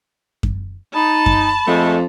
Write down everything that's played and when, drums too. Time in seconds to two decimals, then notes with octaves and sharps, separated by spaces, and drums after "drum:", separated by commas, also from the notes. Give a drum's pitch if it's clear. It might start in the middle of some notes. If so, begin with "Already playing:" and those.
0.43 drum: kick F#2
0.94 D#4 A5 B5
1.26 drum: kick F#2
1.68 F2 G#3 A3